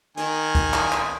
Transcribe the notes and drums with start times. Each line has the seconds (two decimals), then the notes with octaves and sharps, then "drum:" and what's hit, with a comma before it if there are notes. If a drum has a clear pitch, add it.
0.17 D#3 G#5, drum: hi-hat
0.55 drum: kick, hi-hat
0.74 drum: clap
0.92 drum: clap